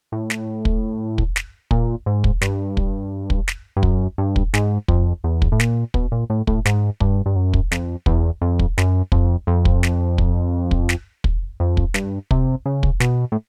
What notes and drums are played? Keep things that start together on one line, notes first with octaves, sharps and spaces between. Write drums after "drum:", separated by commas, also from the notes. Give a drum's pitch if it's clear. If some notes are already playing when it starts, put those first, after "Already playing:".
A2
drum: snare
drum: kick
drum: kick
drum: snare
A#2, drum: kick
G#2
drum: kick
G2, drum: snare
drum: kick
drum: kick
drum: snare
G2
F#2, drum: kick
G2
drum: kick
G#2, drum: snare
F2, drum: kick
E2
drum: kick
A2
A#2, drum: snare
B2, drum: kick
A#2
A2
A2, drum: kick
G#2, drum: snare
G2, drum: kick
G2
F#2
drum: kick
F2, drum: snare
E2, drum: kick
F2
drum: kick
F#2, drum: snare
F2, drum: kick
F2
drum: kick
drum: snare
drum: kick
drum: kick
drum: snare
drum: kick
F2
drum: kick
G2, drum: snare
C3, drum: kick
C#3
drum: kick
B2, drum: snare
A2